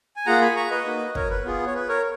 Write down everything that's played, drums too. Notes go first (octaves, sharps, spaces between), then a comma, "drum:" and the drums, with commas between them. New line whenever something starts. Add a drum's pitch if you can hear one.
G#5
A#3 F4 G#4 F#5 A#5
G#5 B5
A#5 C#6
B4 D#5
A#3 D#4 F#4
A#4 C#5, drum: kick
B4
B3 F4 G#4
C#5
B4
A#4 C#5